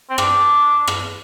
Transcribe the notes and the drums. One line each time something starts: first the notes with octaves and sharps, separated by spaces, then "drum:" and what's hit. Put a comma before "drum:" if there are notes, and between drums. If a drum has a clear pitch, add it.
C4
D4, drum: rim click
drum: rim click